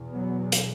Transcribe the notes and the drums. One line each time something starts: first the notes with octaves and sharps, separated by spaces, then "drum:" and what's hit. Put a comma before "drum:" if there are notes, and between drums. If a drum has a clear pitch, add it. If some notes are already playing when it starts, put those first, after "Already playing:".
Already playing: E2 B2
F#3 B3
drum: hi-hat